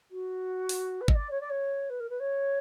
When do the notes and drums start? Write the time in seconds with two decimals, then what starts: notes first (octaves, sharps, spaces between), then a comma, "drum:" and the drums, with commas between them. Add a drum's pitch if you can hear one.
0.11 F#4
0.69 drum: open hi-hat
1.01 B4
1.08 D#5, drum: kick G1
1.15 D5
1.31 C#5
1.40 D5
1.50 C#5
1.89 B4
2.00 A#4
2.09 B4
2.20 C#5